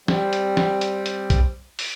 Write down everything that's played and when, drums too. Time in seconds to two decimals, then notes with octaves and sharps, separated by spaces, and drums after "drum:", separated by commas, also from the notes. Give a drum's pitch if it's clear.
0.08 G3 C4, drum: snare
0.33 drum: hi-hat
0.57 drum: snare
0.81 drum: hi-hat
1.06 drum: hi-hat
1.30 drum: kick B1, hi-hat
1.79 drum: open hi-hat